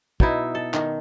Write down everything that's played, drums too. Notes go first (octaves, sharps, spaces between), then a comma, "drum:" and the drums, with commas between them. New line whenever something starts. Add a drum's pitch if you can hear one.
B2 D#4 E4, drum: kick
A4
D#3, drum: clap